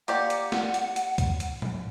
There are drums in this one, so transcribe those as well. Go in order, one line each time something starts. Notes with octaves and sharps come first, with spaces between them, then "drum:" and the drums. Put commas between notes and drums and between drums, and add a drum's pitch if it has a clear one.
A#3 G4 D5 F#5, drum: hi-hat
drum: hi-hat
drum: snare
drum: hi-hat
drum: hi-hat
drum: kick, hi-hat
drum: hi-hat
drum: tom A2